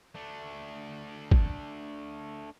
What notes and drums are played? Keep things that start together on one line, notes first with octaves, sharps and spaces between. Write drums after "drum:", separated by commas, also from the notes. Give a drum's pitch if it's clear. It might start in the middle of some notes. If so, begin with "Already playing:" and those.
A3 D4
drum: kick